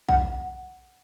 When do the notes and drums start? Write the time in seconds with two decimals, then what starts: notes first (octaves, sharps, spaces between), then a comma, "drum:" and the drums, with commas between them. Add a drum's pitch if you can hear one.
0.09 F#5, drum: kick A#1